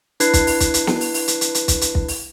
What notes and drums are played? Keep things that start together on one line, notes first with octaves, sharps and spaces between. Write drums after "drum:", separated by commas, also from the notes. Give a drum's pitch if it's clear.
D4 E4 B4 F#6 G#6 C7, drum: hi-hat
drum: kick, hi-hat
drum: open hi-hat
drum: kick, hi-hat
drum: hi-hat
drum: snare
drum: open hi-hat
drum: open hi-hat
drum: hi-hat
drum: hi-hat
drum: hi-hat
drum: kick, hi-hat
drum: hi-hat
drum: kick
drum: open hi-hat